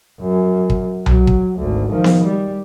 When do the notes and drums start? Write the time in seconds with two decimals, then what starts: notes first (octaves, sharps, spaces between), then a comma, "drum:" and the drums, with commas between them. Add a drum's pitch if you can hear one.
0.21 F#2
0.70 drum: kick
1.06 F#3, drum: tom B1
1.27 drum: kick
1.58 G#1 D2
1.92 D#3 F3
2.04 drum: snare B3
2.23 G3